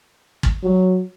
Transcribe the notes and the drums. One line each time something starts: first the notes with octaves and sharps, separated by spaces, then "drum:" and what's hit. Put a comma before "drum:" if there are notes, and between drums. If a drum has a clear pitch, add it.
drum: kick
F#3